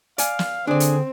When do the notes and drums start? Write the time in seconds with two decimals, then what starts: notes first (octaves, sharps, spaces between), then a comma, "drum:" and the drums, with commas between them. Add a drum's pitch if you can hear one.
0.18 D5 F5 G#5, drum: hi-hat
0.39 drum: snare
0.67 D3 C4 D4 G#4 D5
0.80 drum: hi-hat